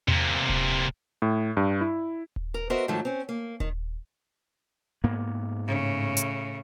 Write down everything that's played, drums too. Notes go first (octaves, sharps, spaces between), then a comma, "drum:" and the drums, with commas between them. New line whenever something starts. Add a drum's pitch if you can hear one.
C3 A#3, drum: tom E2
drum: kick D#1
A2
G2
E4
drum: kick D#1
A#4
B3 F#4 A#4 C5 D#5 E5
G#2 D#3 F3 F#3 A3
C4 C#4
A#3
D#3, drum: kick D#1
G#2 A#3 B3
A2 C#3
drum: hi-hat